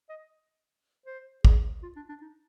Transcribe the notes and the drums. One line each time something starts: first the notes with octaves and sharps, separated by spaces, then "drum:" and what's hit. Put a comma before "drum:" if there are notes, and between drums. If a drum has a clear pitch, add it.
D#5
C5
G#4, drum: kick
F4
D4
D4
D#4